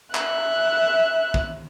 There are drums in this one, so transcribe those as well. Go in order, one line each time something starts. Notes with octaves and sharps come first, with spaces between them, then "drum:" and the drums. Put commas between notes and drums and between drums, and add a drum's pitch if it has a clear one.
E5 F#6, drum: clap
drum: kick